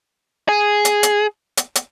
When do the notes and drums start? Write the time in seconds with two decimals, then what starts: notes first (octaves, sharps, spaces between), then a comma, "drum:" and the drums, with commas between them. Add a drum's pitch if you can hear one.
0.49 G#4
0.85 drum: hi-hat
1.03 drum: hi-hat
1.57 drum: hi-hat
1.75 drum: hi-hat